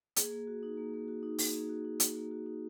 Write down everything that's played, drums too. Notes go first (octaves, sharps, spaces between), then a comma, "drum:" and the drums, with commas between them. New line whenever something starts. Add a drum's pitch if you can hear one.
A#3 G#4, drum: hi-hat
A#3
F#4
D#4
A#3
A#3
F#4
D#4
A#3 G#4, drum: open hi-hat
A#3
F#4
D#4
A#3, drum: hi-hat
A#3
F#4
D#4